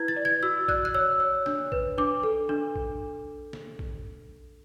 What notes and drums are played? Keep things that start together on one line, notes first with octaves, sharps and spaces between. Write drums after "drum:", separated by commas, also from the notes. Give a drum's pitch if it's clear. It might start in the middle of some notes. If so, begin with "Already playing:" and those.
Already playing: E4 B4 G#6
A6
D5
G#6
F#4 E6
D5 F#6, drum: kick A#1
F#6
C#5 E6
C#5
D4, drum: snare
B4, drum: kick A#1
D4 D6
A4
D4
drum: kick A#1
drum: snare
drum: kick A#1